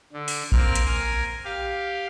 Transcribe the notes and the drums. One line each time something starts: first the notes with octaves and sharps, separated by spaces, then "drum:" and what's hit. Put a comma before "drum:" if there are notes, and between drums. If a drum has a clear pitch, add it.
D3
drum: open hi-hat
A#3 C4 F6, drum: kick A#1
drum: hi-hat
A#4 G#5
G4 F5